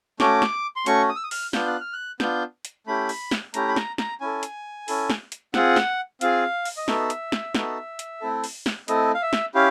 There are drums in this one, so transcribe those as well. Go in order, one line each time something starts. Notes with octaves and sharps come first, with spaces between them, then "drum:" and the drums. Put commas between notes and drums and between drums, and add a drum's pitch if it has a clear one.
A3 C#4 F#4 D6, drum: snare
drum: snare
C6
A3 C#4 F#4 C#6, drum: hi-hat
D#6
E6
D#6
F6, drum: open hi-hat
B3 D4 F4 G6, drum: snare
F#6
F6
F#6
B3 D4 F4 G6, drum: snare
drum: hi-hat
A3 C#4 E4 G4 B5
drum: open hi-hat
drum: snare
A3 C#4 E4 G4 A#5, drum: hi-hat
B5
A#5, drum: snare
A#5, drum: snare
C#4 E4 A4 G#5
drum: hi-hat
C#4 E4 A4, drum: open hi-hat
drum: snare
drum: hi-hat
C4 F4 G#4 F#5, drum: snare
drum: snare
C4 F4 G#4 F5, drum: hi-hat
drum: open hi-hat
D#5
B3 D#4 F#4 A4 E5, drum: snare
drum: hi-hat
drum: snare
B3 D#4 F#4 A4, drum: snare
drum: hi-hat
A3 C4 E4 A4
drum: open hi-hat
drum: snare
A3 C4 E4 A4 D#5, drum: hi-hat
F5
E5
drum: snare
C#4 E4 G4 F5